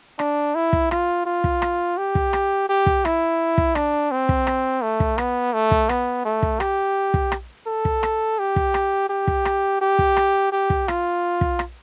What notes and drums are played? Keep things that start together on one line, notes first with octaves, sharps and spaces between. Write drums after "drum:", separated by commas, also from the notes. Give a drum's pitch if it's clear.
D4, drum: rim click
E4
drum: kick
F4, drum: rim click
F4
drum: kick
drum: rim click
G4
drum: kick
drum: rim click
G4
drum: kick
E4, drum: rim click
drum: kick
D4, drum: rim click
C4
drum: kick
drum: rim click
A3
drum: kick
B3, drum: rim click
A3
drum: kick
B3, drum: rim click
A3
drum: kick
G4, drum: rim click
drum: kick
drum: rim click
A4
drum: kick
drum: rim click
G4
drum: kick
drum: rim click
G4
drum: kick
drum: rim click
G4
drum: kick
drum: rim click
G4
drum: kick
F4, drum: rim click
drum: kick
drum: rim click